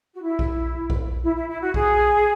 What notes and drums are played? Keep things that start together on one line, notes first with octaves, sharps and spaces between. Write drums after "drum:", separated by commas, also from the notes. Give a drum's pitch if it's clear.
F#4
E4
drum: kick A#1
drum: kick A#1
E4
E4
E4
F#4
G#4, drum: kick A#1